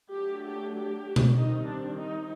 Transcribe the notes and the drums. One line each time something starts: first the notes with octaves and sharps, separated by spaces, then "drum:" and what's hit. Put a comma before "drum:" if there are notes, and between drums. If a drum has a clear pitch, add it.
F#3 A3 D4 G4
G4
G4
drum: tom B2
D#3 G3 C4 D#4
D4
D#4